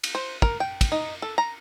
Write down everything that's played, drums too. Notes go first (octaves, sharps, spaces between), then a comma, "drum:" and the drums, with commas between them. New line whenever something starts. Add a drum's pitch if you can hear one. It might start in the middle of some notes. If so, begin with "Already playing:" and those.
drum: cymbal
C5
A#4, drum: kick
G5
drum: kick, cymbal
D#4
A4
A#5